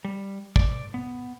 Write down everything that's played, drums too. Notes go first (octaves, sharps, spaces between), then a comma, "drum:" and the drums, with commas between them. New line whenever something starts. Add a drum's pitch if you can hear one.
G3
D5, drum: kick
B3